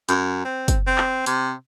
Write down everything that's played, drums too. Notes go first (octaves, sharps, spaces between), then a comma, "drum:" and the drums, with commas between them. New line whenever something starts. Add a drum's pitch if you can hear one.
F#2, drum: hi-hat
C4
drum: kick, hi-hat
C4
drum: clap
C3, drum: hi-hat